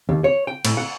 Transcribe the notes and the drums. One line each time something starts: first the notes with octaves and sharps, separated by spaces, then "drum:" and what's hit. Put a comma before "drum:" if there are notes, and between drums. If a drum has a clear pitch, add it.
D#2
C#5
G5
A2, drum: cymbal
F#5